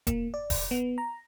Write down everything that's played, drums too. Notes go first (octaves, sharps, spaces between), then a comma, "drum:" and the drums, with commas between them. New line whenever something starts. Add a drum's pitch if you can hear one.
A#3, drum: kick E1, hi-hat
D5
drum: kick E1, open hi-hat
B3
A#5